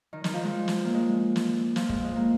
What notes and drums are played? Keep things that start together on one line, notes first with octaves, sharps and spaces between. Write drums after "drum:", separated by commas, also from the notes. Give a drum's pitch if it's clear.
D#3
D#3, drum: snare
F3
G#3
drum: snare
A#3
G#3
drum: snare
F3, drum: snare
G#3, drum: kick
G#3
A#3